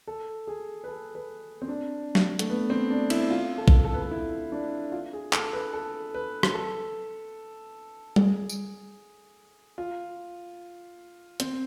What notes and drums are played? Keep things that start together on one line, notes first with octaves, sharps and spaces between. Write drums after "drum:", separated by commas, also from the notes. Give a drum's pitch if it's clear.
A4
G#4
B4
A4
B4
C4
D4
drum: snare
A3, drum: hi-hat
B3
C4
D4
E4, drum: cymbal
F4
A4
drum: kick A#1
A4
B4
A4
E4
D4
F4
G#4
A4, drum: clap
B4
A4
B4
drum: rim click
A4
G#4, drum: tom G3
drum: tambourine
F4
C4, drum: hi-hat